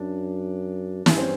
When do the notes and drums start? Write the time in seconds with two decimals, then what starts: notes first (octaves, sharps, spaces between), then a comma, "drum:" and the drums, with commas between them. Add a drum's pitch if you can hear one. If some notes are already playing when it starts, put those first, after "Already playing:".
Already playing: F#2 D4
1.06 G2 C#4, drum: snare
1.18 C4